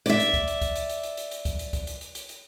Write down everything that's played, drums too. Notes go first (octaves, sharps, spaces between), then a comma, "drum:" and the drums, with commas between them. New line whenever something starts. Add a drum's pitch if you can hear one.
D5 E5, drum: hi-hat
drum: hi-hat
drum: kick, hi-hat
drum: hi-hat
drum: kick, hi-hat
drum: hi-hat
drum: hi-hat
drum: hi-hat
drum: hi-hat
drum: hi-hat
drum: kick, hi-hat
drum: hi-hat
drum: kick, hi-hat
drum: hi-hat
drum: hi-hat
drum: hi-hat
drum: hi-hat